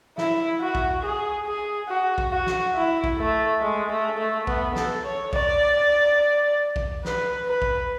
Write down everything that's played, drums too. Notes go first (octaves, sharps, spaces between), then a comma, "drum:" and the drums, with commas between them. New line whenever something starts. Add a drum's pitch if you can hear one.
E4, drum: snare
F#4
drum: kick A#1
G#4
G#4
F#4
drum: kick A#1
F#4
drum: snare
E4
drum: kick A#1
A3
G#3
A3
A3
B3, drum: kick A#1
A4, drum: snare
C#5
D5, drum: kick A#1
drum: kick A#1
B4, drum: snare
B4
drum: kick A#1